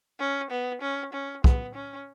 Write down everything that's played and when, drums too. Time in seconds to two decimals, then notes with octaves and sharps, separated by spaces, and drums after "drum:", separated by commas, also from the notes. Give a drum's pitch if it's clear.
0.20 C#4
0.51 B3
0.82 C#4
1.13 C#4
1.44 B3, drum: kick
1.75 C#4